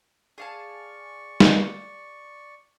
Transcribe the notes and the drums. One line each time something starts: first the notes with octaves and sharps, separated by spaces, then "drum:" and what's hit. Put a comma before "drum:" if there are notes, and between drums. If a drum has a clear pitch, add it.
G#4 D5 F5 A5 C#6
drum: snare G3